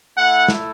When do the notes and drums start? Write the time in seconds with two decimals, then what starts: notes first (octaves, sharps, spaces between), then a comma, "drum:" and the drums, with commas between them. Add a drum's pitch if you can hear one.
0.17 A3 E4 F#5
0.48 drum: snare